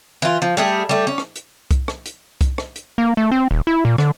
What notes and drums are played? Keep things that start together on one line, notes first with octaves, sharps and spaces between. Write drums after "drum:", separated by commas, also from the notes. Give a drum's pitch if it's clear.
E3 F4
F3
G3 A3 G#4
G3 A3
C#4
drum: rim click
drum: hi-hat
drum: kick C2, hi-hat
drum: rim click
drum: hi-hat
drum: kick C2, hi-hat
drum: rim click
drum: hi-hat
A#3
A3
C4
D#1
E4
A#2
D3, drum: rim click